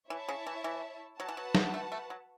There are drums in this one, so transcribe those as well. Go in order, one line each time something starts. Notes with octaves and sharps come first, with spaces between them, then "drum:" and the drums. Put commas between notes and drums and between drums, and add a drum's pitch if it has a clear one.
E3 E4 C#5 E5 A5
C#3
E3
E3
F#3 F#4 B4 F#5 A5
E3
F#3
drum: snare
A3
A3
F#3